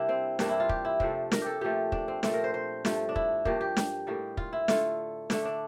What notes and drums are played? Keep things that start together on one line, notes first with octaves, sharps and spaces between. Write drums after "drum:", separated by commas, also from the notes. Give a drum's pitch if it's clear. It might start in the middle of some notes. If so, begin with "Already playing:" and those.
Already playing: C3 G3 A#3 D4 E4
C4
G2 E3 G3 A#3 D4, drum: snare
E4
F4
G4, drum: kick
E4
C3 F3 A3 C4, drum: kick
A#4, drum: snare
G4 A4
A#2 F3 A3 G4
D4, drum: kick
C4
A#2 F3 A3 C4, drum: snare
A#4
C5
C5
G2 F3 A3, drum: snare
D4
E4, drum: kick
G2 F3 A#3 G4, drum: kick
G4
drum: snare
A2 G3 A#3
F4, drum: kick
E4
D3 A3 F4, drum: snare
D3 A3 D4, drum: snare
D4